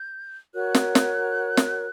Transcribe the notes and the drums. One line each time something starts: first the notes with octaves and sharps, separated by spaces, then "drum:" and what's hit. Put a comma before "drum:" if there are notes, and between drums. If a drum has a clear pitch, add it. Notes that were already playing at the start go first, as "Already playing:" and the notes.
Already playing: G6
F#4 A#4 C#5 F#6
drum: snare
drum: snare
drum: snare